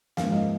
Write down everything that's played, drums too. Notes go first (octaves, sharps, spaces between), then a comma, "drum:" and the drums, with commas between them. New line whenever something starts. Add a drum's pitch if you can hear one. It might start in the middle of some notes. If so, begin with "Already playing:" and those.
G#2 F3 A#3 C#4 F5, drum: snare
D#5